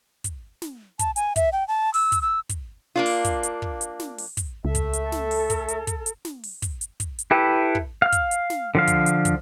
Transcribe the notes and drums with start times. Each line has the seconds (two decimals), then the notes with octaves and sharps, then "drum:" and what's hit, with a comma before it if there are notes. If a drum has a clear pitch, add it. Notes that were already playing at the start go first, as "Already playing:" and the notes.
0.24 drum: kick, hi-hat
0.62 drum: snare
0.99 A5, drum: kick, hi-hat
1.16 G#5, drum: hi-hat
1.36 E5, drum: kick, hi-hat
1.52 G5
1.68 A5
1.94 E6, drum: open hi-hat
2.12 drum: kick, hi-hat
2.22 E6
2.49 drum: kick, hi-hat
2.96 A#3 D4 F4
3.06 drum: open hi-hat
3.24 drum: kick, hi-hat
3.43 drum: hi-hat
3.62 drum: kick
3.81 drum: hi-hat
4.00 drum: snare
4.18 drum: open hi-hat
4.37 drum: kick, hi-hat
4.65 C#2 A3 E5
4.75 drum: kick, hi-hat
4.93 drum: hi-hat
5.02 A4
5.12 drum: snare
5.31 drum: open hi-hat
5.50 drum: kick, hi-hat
5.68 drum: hi-hat
5.87 drum: kick, hi-hat
6.06 drum: hi-hat
6.25 drum: snare
6.43 drum: open hi-hat
6.62 drum: kick, hi-hat
6.81 drum: hi-hat
7.00 drum: kick, hi-hat
7.19 drum: hi-hat
7.31 E4 G4 A4 B4
7.75 drum: kick
8.02 F5 F6
8.12 drum: kick, hi-hat
8.31 drum: hi-hat
8.50 drum: snare
8.75 D3 F3 F5
8.87 drum: kick, hi-hat
9.06 drum: hi-hat
9.25 drum: kick, hi-hat